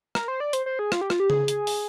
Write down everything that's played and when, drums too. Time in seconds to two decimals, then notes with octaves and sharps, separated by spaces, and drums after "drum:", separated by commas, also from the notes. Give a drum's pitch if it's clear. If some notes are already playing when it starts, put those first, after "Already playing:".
0.15 A#4, drum: rim click
0.28 C5
0.40 D5
0.53 C5, drum: hi-hat
0.66 C5
0.79 G#4
0.92 F4, drum: rim click
1.01 G4
1.10 F4, drum: rim click
1.20 G4
1.30 G#4, drum: tom C#3
1.48 drum: hi-hat
1.67 drum: open hi-hat